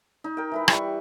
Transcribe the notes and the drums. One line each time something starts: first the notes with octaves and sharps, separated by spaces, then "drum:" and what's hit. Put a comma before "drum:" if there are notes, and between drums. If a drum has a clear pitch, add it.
D#4
A#4 G5
E3 E4 B4
E3 G3 C#6, drum: rim click